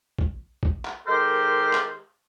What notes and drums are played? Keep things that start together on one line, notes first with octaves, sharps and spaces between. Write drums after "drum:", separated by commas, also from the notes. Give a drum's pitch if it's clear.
drum: kick
drum: kick
drum: clap
D#3 G#3 G4 A4 A#4 C5
drum: clap